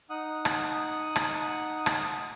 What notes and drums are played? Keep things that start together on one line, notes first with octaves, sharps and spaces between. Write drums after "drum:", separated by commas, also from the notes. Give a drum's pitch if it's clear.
D#4 F#5 D#6
drum: rim click
drum: rim click
drum: rim click